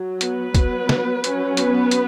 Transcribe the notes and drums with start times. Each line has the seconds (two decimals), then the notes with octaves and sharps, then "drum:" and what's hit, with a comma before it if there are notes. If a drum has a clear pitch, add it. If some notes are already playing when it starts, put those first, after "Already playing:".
Already playing: F#3
0.21 B3 B4, drum: hi-hat
0.55 F#3 B3, drum: kick, hi-hat
0.89 drum: snare
1.24 F#3 C#4, drum: hi-hat
1.57 B3 B4, drum: hi-hat
1.91 drum: hi-hat